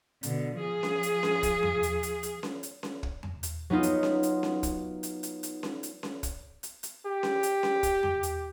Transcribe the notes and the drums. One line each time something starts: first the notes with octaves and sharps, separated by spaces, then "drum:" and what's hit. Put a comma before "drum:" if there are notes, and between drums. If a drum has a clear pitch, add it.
B2 D3, drum: hi-hat
F3 G#4
drum: snare C#4
drum: hi-hat
drum: snare C#4
drum: kick, hi-hat
drum: tom E2
drum: hi-hat
drum: hi-hat
drum: hi-hat
drum: snare C#4
drum: hi-hat
drum: snare C#4
drum: kick
drum: tom E2
drum: hi-hat
F#3 B3 D#4 F4
drum: hi-hat
drum: snare C#4
drum: hi-hat
drum: snare C#4
drum: kick, hi-hat
drum: hi-hat
drum: hi-hat
drum: hi-hat
drum: snare C#4
drum: hi-hat
drum: snare C#4
drum: kick, hi-hat
drum: hi-hat
drum: hi-hat
G4
drum: snare C#4
drum: hi-hat
drum: snare C#4
drum: kick, hi-hat
drum: tom E2
drum: hi-hat